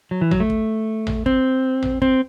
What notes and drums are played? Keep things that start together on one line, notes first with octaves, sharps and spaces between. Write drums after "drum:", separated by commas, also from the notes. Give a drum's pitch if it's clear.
F#3
E3
F#3, drum: tom A1
A3
drum: kick
drum: tom A1
C4, drum: kick
drum: tom A1
C4, drum: kick